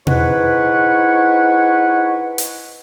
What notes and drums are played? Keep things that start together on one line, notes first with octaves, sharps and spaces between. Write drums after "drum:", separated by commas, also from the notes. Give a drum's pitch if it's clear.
G#2 E4 B4 C#5 F#5, drum: tom B2
drum: hi-hat